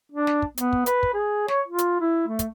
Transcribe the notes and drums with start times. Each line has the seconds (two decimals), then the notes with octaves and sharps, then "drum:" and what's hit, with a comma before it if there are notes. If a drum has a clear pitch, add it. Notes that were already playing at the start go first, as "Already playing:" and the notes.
0.12 D4
0.27 drum: snare
0.42 drum: kick
0.57 B3, drum: hi-hat
0.73 drum: kick
0.86 B4, drum: hi-hat
1.03 drum: kick
1.14 G#4
1.48 C#5, drum: snare
1.68 F4
1.78 drum: hi-hat
2.01 E4
2.28 A3
2.39 drum: kick, hi-hat